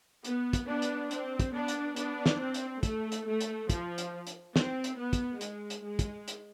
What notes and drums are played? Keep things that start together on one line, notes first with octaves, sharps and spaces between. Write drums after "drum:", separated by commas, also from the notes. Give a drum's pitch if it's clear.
B3, drum: hi-hat
drum: kick, hi-hat
B3 D4
drum: hi-hat
C4, drum: hi-hat
drum: kick, hi-hat
B3 D4
drum: hi-hat
B3 D4, drum: hi-hat
drum: snare
C4
drum: hi-hat
A3, drum: kick, hi-hat
drum: hi-hat
A3
drum: hi-hat
F3, drum: kick, hi-hat
drum: hi-hat
drum: hi-hat
C4, drum: snare
drum: hi-hat
B3
drum: kick, hi-hat
G#3, drum: hi-hat
drum: hi-hat
G#3
drum: kick, hi-hat
drum: hi-hat